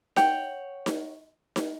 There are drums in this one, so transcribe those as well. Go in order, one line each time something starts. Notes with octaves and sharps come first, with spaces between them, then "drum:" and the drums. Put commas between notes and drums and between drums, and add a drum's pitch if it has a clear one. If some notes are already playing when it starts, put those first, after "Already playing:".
C#5 F#5 G5, drum: snare D#4
drum: snare D#4
drum: snare D#4